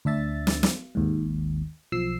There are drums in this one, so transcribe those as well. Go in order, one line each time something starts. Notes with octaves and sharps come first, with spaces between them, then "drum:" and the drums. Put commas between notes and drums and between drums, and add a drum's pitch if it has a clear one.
D2 D4 E5 A6
drum: snare
drum: snare
G#1 D#2 G#2
B1 F3 E6 C7